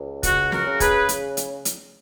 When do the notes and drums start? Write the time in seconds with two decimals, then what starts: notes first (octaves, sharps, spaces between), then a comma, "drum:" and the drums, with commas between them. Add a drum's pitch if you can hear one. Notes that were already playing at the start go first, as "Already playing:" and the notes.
Already playing: C#2
0.23 C#3 F#4, drum: kick, hi-hat
0.52 F#4 A#4, drum: snare
0.66 C#3
0.80 G#4 B4, drum: kick, hi-hat
1.09 drum: hi-hat
1.37 drum: hi-hat
1.65 drum: hi-hat